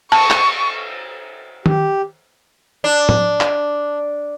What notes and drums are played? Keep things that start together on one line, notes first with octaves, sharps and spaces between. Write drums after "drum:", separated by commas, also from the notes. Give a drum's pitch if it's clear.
A5 C#6, drum: cymbal
drum: clap
G4, drum: tom
D4
drum: tom
drum: clap